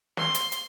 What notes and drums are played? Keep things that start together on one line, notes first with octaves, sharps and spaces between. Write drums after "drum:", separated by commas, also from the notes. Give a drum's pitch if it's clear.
C6, drum: snare
drum: hi-hat
drum: hi-hat